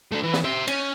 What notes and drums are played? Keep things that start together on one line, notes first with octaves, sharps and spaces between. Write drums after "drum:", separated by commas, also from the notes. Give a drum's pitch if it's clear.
A3 D4
E3
drum: snare
C5 E5
C#4, drum: cymbal